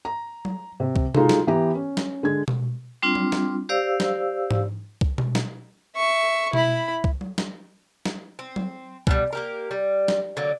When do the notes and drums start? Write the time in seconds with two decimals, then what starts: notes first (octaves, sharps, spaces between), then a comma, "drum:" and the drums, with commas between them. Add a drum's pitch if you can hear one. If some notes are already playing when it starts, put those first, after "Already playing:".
0.05 A#5
0.45 drum: tom F#3
0.80 C3
0.96 drum: kick C2
1.15 G#3 D#4 F4 F#4 A4, drum: tom C3
1.29 drum: snare
1.47 E3 B3 G4 A#5
1.75 C#4
1.97 drum: snare
2.23 D3 G#3 G#6
2.48 drum: tom B2
3.02 G3 C4 D4 F4
3.15 drum: tom F#3
3.32 drum: snare
3.69 G4 C5 D5 F5 E6
4.00 drum: snare
4.51 drum: tom G#2
5.01 drum: kick C2
5.18 drum: tom B2
5.35 drum: snare
5.95 E5 C#6
6.53 E4 B5, drum: tom B2
7.04 drum: kick C2
7.21 drum: tom F#3
7.38 drum: snare
8.05 drum: snare
8.39 C4
8.56 drum: tom F#3
9.07 B2 D3 G3, drum: kick C2
9.33 A#3 G4 A#4
9.71 G3
10.08 drum: snare
10.37 D3 F#3 A#3